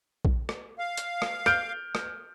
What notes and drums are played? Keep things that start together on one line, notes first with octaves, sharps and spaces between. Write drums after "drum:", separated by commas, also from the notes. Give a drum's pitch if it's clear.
drum: kick A#1
drum: rim click
F5
drum: hi-hat
drum: rim click
F6 G6 D7, drum: rim click
drum: rim click